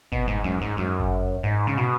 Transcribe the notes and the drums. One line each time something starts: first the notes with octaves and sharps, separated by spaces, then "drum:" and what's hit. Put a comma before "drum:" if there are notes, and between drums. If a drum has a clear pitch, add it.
B2, drum: kick G1
G#2
F#2
G#2
F#2
drum: kick G1
G#2
C#3
B2